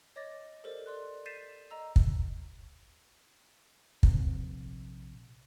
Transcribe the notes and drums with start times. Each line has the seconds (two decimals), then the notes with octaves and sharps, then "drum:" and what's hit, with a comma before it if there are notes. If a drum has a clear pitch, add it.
0.16 C#5 D#5 D6 A6 A#6
0.64 G4 A4 A#4 C5 D5 D#5
0.86 D5 C6 F#6
1.26 G6 A6 B6 C7 D#7 E7
1.71 D#5 A#5 E6
1.96 drum: kick
4.03 A#1 C3, drum: kick